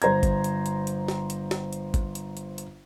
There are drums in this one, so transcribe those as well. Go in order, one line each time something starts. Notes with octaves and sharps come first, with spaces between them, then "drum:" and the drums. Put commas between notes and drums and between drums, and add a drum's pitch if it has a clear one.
G1 C5 A#5 G#6, drum: hi-hat
drum: kick, hi-hat
drum: hi-hat
drum: hi-hat
drum: hi-hat
drum: snare
drum: hi-hat
drum: snare
drum: hi-hat
drum: kick, hi-hat
drum: hi-hat
drum: hi-hat
drum: hi-hat